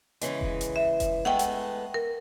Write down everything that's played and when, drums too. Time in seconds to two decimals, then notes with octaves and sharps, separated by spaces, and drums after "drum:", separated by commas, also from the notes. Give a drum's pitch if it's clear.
0.21 C#3 E3 G#3, drum: hi-hat
0.41 drum: kick F1
0.61 drum: hi-hat
0.76 E5
1.00 drum: kick F1, hi-hat
1.25 G#3 A3 B3 F#5 G5
1.39 drum: hi-hat
1.94 A#4